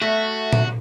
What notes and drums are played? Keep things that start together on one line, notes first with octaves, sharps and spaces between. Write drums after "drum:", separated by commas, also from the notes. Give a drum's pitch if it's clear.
A3 F#4 E5
drum: tom A#2